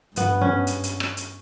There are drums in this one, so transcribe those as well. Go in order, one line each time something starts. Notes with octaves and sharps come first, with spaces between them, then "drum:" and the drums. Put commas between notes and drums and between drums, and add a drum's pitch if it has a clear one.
G2 B3, drum: hi-hat
C#4
drum: hi-hat
drum: hi-hat
drum: rim click
drum: hi-hat